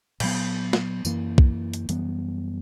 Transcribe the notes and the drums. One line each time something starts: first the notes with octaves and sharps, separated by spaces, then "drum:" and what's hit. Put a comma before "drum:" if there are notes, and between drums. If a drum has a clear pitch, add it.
A#2 F#3 B3, drum: cymbal
drum: snare
F#2 E3 A#3, drum: tambourine
drum: kick
drum: hi-hat
F#2 E3 G3 B3, drum: hi-hat